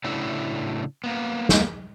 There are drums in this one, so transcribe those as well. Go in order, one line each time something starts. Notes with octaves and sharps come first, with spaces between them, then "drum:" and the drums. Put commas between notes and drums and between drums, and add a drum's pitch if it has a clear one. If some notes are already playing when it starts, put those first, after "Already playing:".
A2 C#3 F#3 A3 D4 E4
A#3 B3
drum: snare